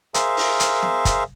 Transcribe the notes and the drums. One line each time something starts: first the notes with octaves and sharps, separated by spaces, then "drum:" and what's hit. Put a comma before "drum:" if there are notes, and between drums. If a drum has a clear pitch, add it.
G#4 A#4 C5 E5 F5, drum: hi-hat
drum: open hi-hat
drum: hi-hat
drum: snare
drum: kick, hi-hat